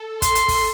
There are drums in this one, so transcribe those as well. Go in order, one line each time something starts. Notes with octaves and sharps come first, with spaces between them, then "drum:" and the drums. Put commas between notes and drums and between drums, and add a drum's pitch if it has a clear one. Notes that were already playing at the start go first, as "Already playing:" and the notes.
Already playing: A4
C6, drum: kick, hi-hat
drum: hi-hat
drum: kick, open hi-hat